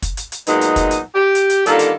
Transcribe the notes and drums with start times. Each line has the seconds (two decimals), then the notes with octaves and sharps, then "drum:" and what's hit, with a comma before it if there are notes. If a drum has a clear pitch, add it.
0.02 drum: kick, hi-hat
0.17 drum: hi-hat
0.32 drum: hi-hat
0.47 A#2 F#3 G#3 B3 D#4, drum: hi-hat
0.61 drum: hi-hat
0.76 drum: kick, hi-hat
0.91 drum: hi-hat
1.14 G4
1.35 drum: hi-hat
1.50 drum: hi-hat
1.66 D3 D#3 G3 A#3 F4 A4, drum: hi-hat
1.79 drum: hi-hat